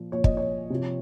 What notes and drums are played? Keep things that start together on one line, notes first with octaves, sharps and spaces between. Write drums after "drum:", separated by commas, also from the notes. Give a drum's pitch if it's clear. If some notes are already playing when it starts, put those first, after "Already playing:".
Already playing: A#2 F3
A#2 F3 C#5
D#5, drum: kick
C#5
C3 F3